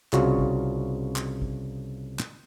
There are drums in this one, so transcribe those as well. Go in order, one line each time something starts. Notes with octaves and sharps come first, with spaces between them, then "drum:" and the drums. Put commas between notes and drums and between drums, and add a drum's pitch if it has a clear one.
C2 C#3 F4 F#4 C#5, drum: clap
drum: kick A1
drum: clap
drum: kick A1
drum: clap